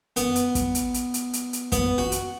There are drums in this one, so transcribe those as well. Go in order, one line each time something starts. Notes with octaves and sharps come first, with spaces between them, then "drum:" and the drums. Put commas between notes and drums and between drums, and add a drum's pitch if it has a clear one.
B3, drum: hi-hat
drum: hi-hat
drum: kick, hi-hat
drum: hi-hat
drum: hi-hat
drum: hi-hat
drum: hi-hat
drum: hi-hat
B3, drum: kick, hi-hat
F#4
drum: hi-hat